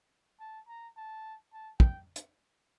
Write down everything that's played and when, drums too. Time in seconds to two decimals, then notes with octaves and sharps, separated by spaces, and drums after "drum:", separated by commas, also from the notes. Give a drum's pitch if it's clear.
0.40 A5
0.68 A#5
0.97 A5
1.53 A5
1.80 G5, drum: kick
2.16 drum: hi-hat